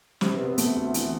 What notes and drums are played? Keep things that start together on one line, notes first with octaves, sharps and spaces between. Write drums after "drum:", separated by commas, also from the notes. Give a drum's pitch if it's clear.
C3 C4, drum: snare
B3
C3
B3
C3 A3, drum: hi-hat
D2
E3, drum: hi-hat